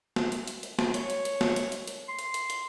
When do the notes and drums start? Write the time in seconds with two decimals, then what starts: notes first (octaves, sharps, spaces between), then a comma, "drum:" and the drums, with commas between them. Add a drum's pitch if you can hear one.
0.16 drum: snare
0.32 drum: hi-hat
0.47 drum: hi-hat
0.63 drum: hi-hat
0.79 drum: snare
0.94 C#5, drum: hi-hat
1.10 drum: hi-hat
1.25 drum: hi-hat
1.41 drum: snare
1.56 drum: hi-hat
1.72 drum: hi-hat
1.87 drum: hi-hat
2.08 C6
2.19 drum: hi-hat
2.34 drum: hi-hat
2.50 drum: hi-hat